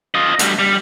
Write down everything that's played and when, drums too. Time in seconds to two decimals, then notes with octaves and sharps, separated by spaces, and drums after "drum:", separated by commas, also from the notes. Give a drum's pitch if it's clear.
0.15 F4 D#5
0.39 D2 G3, drum: hi-hat
0.59 G3